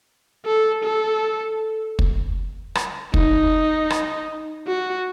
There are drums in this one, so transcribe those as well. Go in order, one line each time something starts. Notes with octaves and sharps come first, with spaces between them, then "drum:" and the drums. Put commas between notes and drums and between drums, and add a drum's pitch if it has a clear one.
A4
A4
drum: kick
drum: rim click
D#4, drum: kick
drum: rim click
F#4